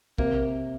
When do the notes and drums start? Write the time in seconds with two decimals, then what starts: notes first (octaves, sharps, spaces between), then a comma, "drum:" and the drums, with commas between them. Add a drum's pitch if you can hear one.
0.18 C3 A#3, drum: kick